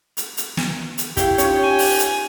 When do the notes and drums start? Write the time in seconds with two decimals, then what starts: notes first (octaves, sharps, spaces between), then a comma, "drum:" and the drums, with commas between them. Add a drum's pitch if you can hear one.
0.17 drum: hi-hat
0.37 drum: hi-hat
0.57 drum: snare
0.98 drum: hi-hat
1.17 E4 G4 C#5 F5, drum: kick, hi-hat
1.38 C#4 D#4 F4 C#5, drum: hi-hat
1.64 G#5
1.78 drum: open hi-hat
1.99 drum: hi-hat